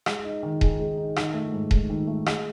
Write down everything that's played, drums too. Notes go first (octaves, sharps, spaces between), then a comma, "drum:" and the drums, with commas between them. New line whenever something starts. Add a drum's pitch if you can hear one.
G#3, drum: rim click
D#4
D#3
G#4, drum: kick D#1
G#3
D#4
D#3, drum: rim click
A3
G#2
G#2, drum: kick D#1
D#3
A3
G#3, drum: rim click